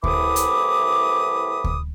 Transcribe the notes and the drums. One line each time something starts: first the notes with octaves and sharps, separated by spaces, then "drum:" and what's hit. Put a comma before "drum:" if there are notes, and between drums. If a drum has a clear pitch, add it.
C2 A2 E3 B5 D6 D#6, drum: kick D2
drum: hi-hat
drum: kick D2